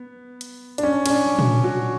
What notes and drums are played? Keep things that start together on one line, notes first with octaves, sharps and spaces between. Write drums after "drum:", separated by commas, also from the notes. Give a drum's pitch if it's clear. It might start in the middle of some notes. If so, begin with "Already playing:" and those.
Already playing: B3
drum: hi-hat
D4, drum: hi-hat
C#4
C#4, drum: cymbal
D4
drum: tom A#2
F#4